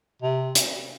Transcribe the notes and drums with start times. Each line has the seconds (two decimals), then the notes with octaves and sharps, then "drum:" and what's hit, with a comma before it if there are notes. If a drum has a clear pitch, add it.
0.22 C3
0.55 drum: hi-hat